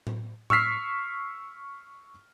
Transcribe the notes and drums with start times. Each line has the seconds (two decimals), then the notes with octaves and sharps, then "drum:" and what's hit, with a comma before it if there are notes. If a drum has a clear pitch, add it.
0.07 drum: tom A2
0.50 C#6 E6 F6 B6 C7, drum: tom A2